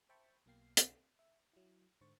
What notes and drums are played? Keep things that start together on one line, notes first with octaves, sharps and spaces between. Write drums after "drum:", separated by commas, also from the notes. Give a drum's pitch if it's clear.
C5 E5 G5 A5 B5 C#6
B1 B2 A#3 F5 G5 C7
drum: hi-hat
E5
F#3 E4
G#2 D3 C5 C#6 A6